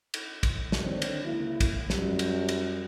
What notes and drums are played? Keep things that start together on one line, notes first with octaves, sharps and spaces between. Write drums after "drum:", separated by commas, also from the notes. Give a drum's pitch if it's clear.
drum: cymbal
drum: kick, cymbal
drum: snare
D3 D#3 F#3 C4 D4
drum: cymbal
C#2 A#3 E4
drum: kick, cymbal
F#2 G3, drum: snare
drum: cymbal
drum: cymbal